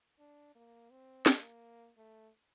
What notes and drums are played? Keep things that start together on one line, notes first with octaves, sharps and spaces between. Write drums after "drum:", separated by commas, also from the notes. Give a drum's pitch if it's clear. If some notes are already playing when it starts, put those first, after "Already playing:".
D4
A#3
C4
A#3, drum: snare
A3